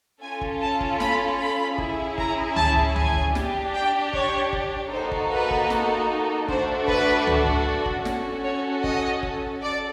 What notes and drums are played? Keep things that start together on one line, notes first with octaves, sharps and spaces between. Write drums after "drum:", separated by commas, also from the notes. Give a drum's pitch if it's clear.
C#4 F4 A4 G#5
drum: kick
A5
drum: kick
B5, drum: snare
B5
C#4 E4 G#4, drum: kick
A#5, drum: kick
A5, drum: tom C#2
drum: kick
G#5, drum: tom C#2
drum: kick
D4 G4, drum: snare
G5
C#5, drum: kick
drum: kick
A#3 D#4 F#4 A4 C5
drum: kick
B4
drum: kick
drum: snare
A3 D4 F#4 A4 C5, drum: kick
B4, drum: kick
drum: tom C#2
drum: kick
drum: kick
C#4 F#4 A4, drum: snare
C#5
D#5, drum: kick
drum: kick
A4 D5